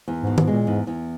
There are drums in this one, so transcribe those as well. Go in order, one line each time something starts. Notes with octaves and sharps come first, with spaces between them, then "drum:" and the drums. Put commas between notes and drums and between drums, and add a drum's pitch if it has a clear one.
E2
G#2 B2
G#2, drum: tom
A#2 G#3
E2 G#2
E2